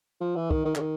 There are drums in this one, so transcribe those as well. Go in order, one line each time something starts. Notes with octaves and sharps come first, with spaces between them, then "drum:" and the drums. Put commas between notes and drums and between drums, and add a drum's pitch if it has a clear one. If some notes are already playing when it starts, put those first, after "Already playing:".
F3
E3
D#3, drum: kick
D#3
D3, drum: clap
D#3